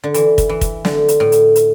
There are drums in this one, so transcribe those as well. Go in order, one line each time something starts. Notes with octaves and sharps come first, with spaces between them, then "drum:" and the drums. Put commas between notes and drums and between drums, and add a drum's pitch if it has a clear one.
D3
E3, drum: hi-hat
drum: kick, hi-hat
E3
drum: kick, hi-hat
D3, drum: snare
drum: hi-hat
A2
drum: hi-hat
drum: hi-hat